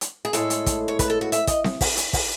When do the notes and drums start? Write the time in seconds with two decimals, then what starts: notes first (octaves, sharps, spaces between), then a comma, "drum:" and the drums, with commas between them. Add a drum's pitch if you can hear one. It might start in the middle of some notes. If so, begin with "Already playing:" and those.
0.01 drum: hi-hat
0.25 G#4
0.33 A2 G#3 A4, drum: hi-hat
0.50 drum: hi-hat
0.66 drum: kick, hi-hat
0.88 C#5
0.99 B4, drum: kick, hi-hat
1.10 A4
1.21 F#4
1.32 E5, drum: hi-hat
1.47 D#5, drum: kick, hi-hat
1.64 drum: snare C4
1.81 drum: kick, open hi-hat
1.97 drum: hi-hat
2.13 drum: kick, open hi-hat